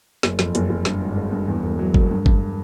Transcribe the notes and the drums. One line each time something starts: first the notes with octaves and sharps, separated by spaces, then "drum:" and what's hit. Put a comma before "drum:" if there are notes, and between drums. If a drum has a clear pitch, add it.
F#1, drum: snare
F2, drum: snare
F#1, drum: hi-hat
F#1
G2, drum: snare
G#1
G#1
G2
E2
E1
F#3
E1, drum: kick G1
G2
G2, drum: kick G1